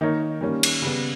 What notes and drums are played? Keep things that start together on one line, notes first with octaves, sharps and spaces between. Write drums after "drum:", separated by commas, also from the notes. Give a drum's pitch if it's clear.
D#3 A#3 D#4 A#4 C#5
D#3 G3 A#3 C#4
drum: cymbal
C#3 G3 B3